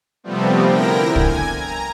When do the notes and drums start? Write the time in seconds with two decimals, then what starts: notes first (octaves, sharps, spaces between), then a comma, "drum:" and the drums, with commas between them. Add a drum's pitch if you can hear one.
0.24 C3 F3 G3 A3 B3 C4
0.65 D3 E4 A#4 G5 A#6
1.16 G#5 G#6, drum: kick
1.52 A#5